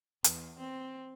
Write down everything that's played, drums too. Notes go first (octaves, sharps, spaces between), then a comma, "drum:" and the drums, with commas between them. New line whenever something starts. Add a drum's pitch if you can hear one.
E2, drum: hi-hat
C4